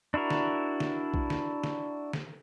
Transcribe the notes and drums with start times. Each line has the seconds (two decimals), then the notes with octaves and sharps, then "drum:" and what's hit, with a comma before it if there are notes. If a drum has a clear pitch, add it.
0.14 D4 E4 F#4 A#4
0.30 drum: snare
0.80 drum: snare
1.14 drum: kick A#1
1.30 drum: snare
1.64 drum: snare
2.13 drum: snare